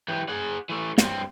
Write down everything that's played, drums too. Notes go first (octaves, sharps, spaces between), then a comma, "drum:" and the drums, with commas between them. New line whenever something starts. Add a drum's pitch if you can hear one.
E3 G4
G#4 F#5
E3 A3
G2 C4, drum: snare